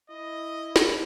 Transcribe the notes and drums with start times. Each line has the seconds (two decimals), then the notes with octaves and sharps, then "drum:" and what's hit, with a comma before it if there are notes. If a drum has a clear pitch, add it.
0.10 E4 D#5
0.76 drum: snare